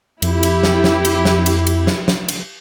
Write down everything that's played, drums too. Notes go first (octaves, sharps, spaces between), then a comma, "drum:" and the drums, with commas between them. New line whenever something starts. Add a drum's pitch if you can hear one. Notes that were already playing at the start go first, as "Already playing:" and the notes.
F2 E4 G4, drum: cymbal
drum: cymbal
drum: snare
drum: snare
drum: cymbal
drum: snare
drum: cymbal
drum: cymbal
drum: snare
drum: snare
drum: cymbal